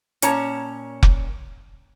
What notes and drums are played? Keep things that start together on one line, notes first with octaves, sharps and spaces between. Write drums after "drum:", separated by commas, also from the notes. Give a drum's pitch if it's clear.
A#2 C#4 C#5 A5 A#5, drum: hi-hat
drum: kick F1